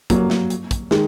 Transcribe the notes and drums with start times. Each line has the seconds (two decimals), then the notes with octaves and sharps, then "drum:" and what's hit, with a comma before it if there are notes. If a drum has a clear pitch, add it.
0.10 F#3 A#3, drum: kick, hi-hat
0.30 drum: snare
0.50 drum: hi-hat
0.71 drum: kick, hi-hat
0.91 D#3 G#3, drum: snare